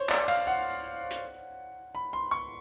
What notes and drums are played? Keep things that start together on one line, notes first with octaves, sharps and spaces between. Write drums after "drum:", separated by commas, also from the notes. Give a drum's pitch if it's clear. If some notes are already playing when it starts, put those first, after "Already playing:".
Already playing: C5 C#5
D5, drum: clap
F5, drum: cymbal
F#5
drum: hi-hat
B5
C6
C#6